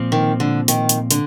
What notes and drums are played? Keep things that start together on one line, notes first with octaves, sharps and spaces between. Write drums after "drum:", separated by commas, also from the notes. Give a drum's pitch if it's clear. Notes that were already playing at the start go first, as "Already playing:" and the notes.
Already playing: A#2 F3 C4
D#3
D3
D#3, drum: hi-hat
drum: hi-hat
D3, drum: hi-hat